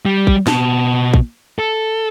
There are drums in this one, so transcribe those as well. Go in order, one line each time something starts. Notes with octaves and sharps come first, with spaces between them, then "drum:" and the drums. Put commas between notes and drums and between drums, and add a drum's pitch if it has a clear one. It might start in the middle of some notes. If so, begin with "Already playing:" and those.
G3
drum: kick
B2 A5, drum: snare
drum: kick
A4